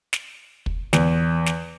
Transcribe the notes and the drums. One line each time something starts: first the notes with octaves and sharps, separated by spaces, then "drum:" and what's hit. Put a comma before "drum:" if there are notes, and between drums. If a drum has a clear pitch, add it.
drum: snare
drum: kick
E2, drum: snare
drum: snare